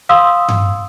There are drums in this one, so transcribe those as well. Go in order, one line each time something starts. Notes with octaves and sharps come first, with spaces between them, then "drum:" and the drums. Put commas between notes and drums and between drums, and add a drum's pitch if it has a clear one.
F5 C6 D#6 E6
drum: tom G2